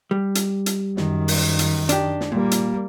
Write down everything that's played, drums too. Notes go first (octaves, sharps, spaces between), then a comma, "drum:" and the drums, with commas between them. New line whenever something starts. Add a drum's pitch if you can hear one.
G3
drum: hi-hat
drum: hi-hat
F#2 D#3, drum: snare
drum: open hi-hat
drum: hi-hat
D4 G4, drum: hi-hat
drum: snare
A#2 G3 A#3
drum: hi-hat